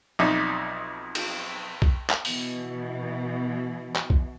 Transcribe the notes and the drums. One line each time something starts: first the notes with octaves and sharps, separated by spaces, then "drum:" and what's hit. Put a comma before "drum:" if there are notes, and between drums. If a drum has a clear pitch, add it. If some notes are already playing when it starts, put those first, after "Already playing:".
B1 F2 D#4 D5 E5
drum: cymbal
drum: kick B1
drum: clap
B2 E3, drum: open hi-hat
drum: clap
drum: kick B1